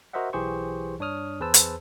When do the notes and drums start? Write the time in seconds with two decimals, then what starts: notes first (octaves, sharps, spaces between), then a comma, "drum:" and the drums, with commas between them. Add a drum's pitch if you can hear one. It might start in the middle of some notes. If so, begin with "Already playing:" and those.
0.13 F#4 A#4 C5 D#5 E5 F#5
0.33 B1 E3 G4 G#4 C5 C#6
0.99 G2 D4 C#5 D#6 F6
1.40 E2 G#4 B4 C5 A5 E6
1.54 drum: hi-hat